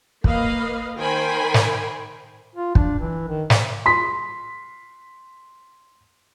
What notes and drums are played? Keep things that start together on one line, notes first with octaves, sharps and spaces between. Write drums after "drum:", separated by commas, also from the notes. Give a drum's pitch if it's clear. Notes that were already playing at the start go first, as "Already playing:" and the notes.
A#3 B4 D#5 F5, drum: kick
D#3 A#4 C5 G5 G#5 B5
drum: snare
F4
D4, drum: kick
E3
D#3
drum: snare
C6 B6